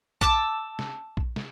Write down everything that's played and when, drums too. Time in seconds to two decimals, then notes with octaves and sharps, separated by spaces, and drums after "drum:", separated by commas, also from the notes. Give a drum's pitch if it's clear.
0.21 A5 D6 E6, drum: kick A#1
0.79 drum: snare
1.17 drum: kick A#1
1.36 drum: snare